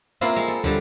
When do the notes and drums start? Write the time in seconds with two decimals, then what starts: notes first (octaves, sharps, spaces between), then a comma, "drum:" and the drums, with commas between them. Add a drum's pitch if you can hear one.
0.21 A#3 C4 E4 F4
0.36 G#3
0.48 A4
0.64 D3 G3, drum: kick